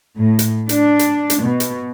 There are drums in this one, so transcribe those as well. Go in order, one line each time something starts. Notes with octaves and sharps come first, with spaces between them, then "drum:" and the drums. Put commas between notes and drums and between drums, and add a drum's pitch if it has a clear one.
A2
drum: hi-hat
D4, drum: hi-hat
drum: hi-hat
drum: hi-hat
B2
drum: hi-hat